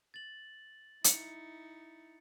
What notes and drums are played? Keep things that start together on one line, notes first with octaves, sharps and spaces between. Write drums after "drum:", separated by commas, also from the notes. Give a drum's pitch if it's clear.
A6 F#7
D#4 E4 C#7, drum: hi-hat